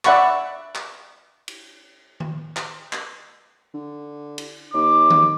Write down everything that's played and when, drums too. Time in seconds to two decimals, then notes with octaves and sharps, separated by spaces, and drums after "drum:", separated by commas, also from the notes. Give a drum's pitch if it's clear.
0.05 D5 E5 F#5 B5 C#6, drum: clap
0.75 drum: clap
1.48 drum: cymbal
2.20 drum: tom D#3
2.56 drum: clap
2.93 drum: clap
3.74 D3
4.38 drum: cymbal
4.74 D#2 D6
5.10 drum: tom D#3